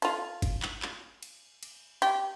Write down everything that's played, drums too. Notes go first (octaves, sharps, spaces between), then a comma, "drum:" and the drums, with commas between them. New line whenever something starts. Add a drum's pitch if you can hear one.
F4 A4, drum: cymbal
drum: kick, cymbal
drum: clap
drum: clap
drum: cymbal
drum: cymbal
G4, drum: cymbal